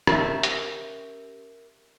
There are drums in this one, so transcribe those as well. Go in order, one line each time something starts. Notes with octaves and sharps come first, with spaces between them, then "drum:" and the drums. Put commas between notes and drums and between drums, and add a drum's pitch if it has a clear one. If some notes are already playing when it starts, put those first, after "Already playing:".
C#4 G4 A#4 E5, drum: rim click
drum: hi-hat